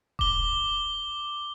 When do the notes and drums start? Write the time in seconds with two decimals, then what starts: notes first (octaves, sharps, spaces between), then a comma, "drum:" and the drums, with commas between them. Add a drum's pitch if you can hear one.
0.19 D6 G7, drum: kick D#1